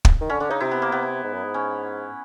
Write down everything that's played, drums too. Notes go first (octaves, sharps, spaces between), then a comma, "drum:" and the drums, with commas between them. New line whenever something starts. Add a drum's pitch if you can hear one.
drum: kick
D#3
D3 C#4
D3 D4
C#3 D#4
C3 E4
B3
A#3
C3 B3
G#2
F#2
G#2
C#4